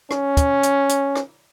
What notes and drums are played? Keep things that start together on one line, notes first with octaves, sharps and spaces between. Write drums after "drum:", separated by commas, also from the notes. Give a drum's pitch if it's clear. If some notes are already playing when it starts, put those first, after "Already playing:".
C#4, drum: rim click
drum: kick, hi-hat
drum: hi-hat
drum: hi-hat
drum: rim click